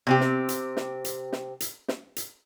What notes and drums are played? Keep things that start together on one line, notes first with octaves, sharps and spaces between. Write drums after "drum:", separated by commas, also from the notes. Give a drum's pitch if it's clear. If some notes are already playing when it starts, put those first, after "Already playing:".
C3 C4 G4
drum: snare
drum: hi-hat
drum: snare
drum: hi-hat
drum: snare
drum: hi-hat
drum: snare
drum: hi-hat